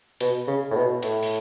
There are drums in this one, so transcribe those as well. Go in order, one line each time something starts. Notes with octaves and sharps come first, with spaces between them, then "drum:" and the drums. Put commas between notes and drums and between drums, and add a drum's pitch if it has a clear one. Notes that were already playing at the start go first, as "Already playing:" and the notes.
B2, drum: hi-hat
C#3
A2
B2
A2, drum: hi-hat
drum: open hi-hat